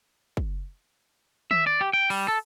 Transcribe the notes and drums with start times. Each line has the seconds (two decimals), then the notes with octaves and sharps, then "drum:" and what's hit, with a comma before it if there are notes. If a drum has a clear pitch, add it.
0.37 drum: kick
1.51 E5, drum: tom D#3
1.67 D5
1.81 G4
1.93 G5
2.10 G3, drum: open hi-hat
2.28 A4